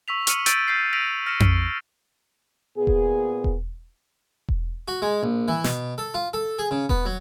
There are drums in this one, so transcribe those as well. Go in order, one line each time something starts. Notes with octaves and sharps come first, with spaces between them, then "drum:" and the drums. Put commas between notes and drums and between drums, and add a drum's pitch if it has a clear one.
C#6 E6 B6 F7
C#6 F6 C#7 D#7 F#7, drum: hi-hat
E6 G6 A6 D7 D#7, drum: hi-hat
E6 G6 A6 B6 C7
E6 A#6 B6 D7 D#7 F7
F6 A#6 C#7 E7
drum: tom F2
A#2 B3 G#4
drum: kick E1
drum: kick E1
drum: kick E1
F#4
G#3
A#1
E3
B2, drum: snare
A4
F4
A4
G#4
C#3
B3, drum: kick E1
F#3